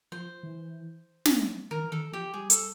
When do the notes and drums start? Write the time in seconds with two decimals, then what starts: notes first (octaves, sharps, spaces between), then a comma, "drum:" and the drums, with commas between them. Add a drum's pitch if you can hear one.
0.12 F3 C5
0.43 E3
1.25 drum: snare
1.71 D#3 A#4
1.84 E3
1.92 D#3 A4
2.13 F3 G4
2.34 G3 G#4
2.50 A4, drum: hi-hat